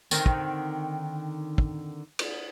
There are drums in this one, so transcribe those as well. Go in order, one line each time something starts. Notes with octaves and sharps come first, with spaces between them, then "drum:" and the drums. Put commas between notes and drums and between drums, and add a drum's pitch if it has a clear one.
D3 D#3 C4, drum: tambourine
drum: kick
drum: kick
drum: cymbal